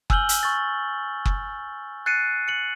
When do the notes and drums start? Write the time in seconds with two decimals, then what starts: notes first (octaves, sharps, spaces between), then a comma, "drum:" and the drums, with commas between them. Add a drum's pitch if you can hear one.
0.10 G#5 E6 F6 G6 F#7 G7, drum: kick F#1
0.29 drum: hi-hat
0.43 C#6 E6 A6
1.25 drum: kick F#1
2.06 F#6 A6 C7 C#7 D#7
2.48 C#7 F#7